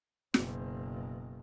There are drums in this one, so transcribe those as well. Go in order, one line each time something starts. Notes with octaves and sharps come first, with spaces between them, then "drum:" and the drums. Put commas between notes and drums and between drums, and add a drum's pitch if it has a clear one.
F#1 B2, drum: snare